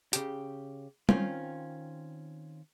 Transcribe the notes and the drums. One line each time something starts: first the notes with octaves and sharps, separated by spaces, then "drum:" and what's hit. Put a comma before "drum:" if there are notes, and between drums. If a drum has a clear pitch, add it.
C#3 G4, drum: hi-hat
D#3 C4 C#4 F4, drum: tom